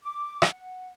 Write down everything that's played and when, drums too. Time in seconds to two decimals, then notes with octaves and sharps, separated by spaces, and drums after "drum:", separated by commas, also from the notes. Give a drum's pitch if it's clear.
0.02 D6
0.42 F#5, drum: rim click